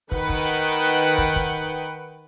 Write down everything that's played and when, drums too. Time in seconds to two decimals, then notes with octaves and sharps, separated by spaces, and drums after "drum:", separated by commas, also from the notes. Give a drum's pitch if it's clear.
0.12 D#3 B4 F#5 G5, drum: kick
0.29 drum: kick
1.18 drum: kick
1.36 drum: kick